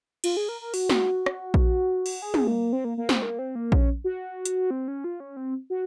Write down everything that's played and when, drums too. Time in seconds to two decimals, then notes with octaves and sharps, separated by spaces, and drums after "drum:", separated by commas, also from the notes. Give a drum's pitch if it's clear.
0.24 F4, drum: cymbal
0.37 G#4
0.49 A#4
0.61 A#4
0.74 F#4, drum: open hi-hat
0.90 drum: snare
1.26 drum: rim click
1.54 drum: kick A#1
2.06 drum: cymbal
2.22 G#4
2.34 drum: tom
2.47 A#3
2.73 C4
2.85 A#3
2.97 A#3
3.09 C4, drum: snare
3.22 A#3
3.39 C4
3.55 A#3
3.72 C#4, drum: kick A#1
4.04 F#4
4.45 drum: hi-hat
4.71 C4
4.88 C#4
5.04 F4
5.20 C#4
5.37 C4
5.70 F#4